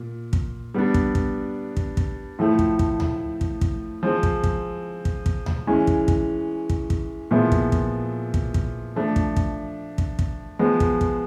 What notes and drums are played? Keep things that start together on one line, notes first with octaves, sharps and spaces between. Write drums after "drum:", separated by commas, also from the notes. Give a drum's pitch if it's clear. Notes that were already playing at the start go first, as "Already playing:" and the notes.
Already playing: A#2
drum: kick
G3 B3 D4
drum: kick
drum: kick
drum: kick
drum: kick
A2 F3 A3
drum: kick
drum: kick
drum: tom D2
drum: kick
drum: kick
F3 G#3 C4
drum: kick
drum: kick
drum: kick
drum: kick
drum: tom D2
E3 G#3 C#4
drum: kick
drum: kick
drum: kick
drum: kick
A#2 F3 G#3 B3 E4
drum: kick
drum: kick
drum: kick
drum: kick
F3 A3 D4
drum: kick
drum: kick
drum: kick
drum: kick
F3 G#3 B3
drum: kick
drum: kick